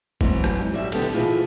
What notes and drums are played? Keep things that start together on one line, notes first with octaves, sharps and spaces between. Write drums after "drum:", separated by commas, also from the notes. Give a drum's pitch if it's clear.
G#2 E3 F#3 B3 C4, drum: kick
drum: rim click
F#3 G3 F#4 E5
B2 D3 B3 G4 A4, drum: cymbal
B2 E3 E4 F4 G#4